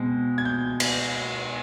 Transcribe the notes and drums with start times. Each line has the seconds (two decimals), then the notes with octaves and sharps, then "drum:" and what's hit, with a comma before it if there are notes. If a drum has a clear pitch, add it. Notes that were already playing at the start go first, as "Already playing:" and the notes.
Already playing: B2 G#3 C4
0.38 G#6
0.45 G6
0.80 drum: cymbal